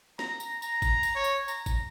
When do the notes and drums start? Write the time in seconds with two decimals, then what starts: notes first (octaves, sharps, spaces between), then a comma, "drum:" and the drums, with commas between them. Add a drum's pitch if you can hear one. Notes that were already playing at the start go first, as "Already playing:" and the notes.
0.19 A#5, drum: snare
0.40 drum: tambourine
0.62 A#5, drum: tambourine
0.82 drum: kick, tambourine
1.03 drum: tambourine
1.15 C#5
1.24 drum: tambourine
1.48 A#5, drum: tambourine
1.66 drum: kick, tambourine